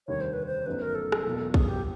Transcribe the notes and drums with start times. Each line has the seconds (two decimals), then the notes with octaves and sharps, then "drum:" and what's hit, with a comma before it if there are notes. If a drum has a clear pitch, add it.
0.08 F1 D#2 D3 G3 C#5
0.21 C5
0.33 B4
0.46 C5
0.66 G1 F#2 D#3 F#3 A3 B4
0.82 A#4
0.95 A4
1.12 drum: rim click
1.25 E1 E2 B2 F#3 A#3
1.54 G#4, drum: kick
1.69 G4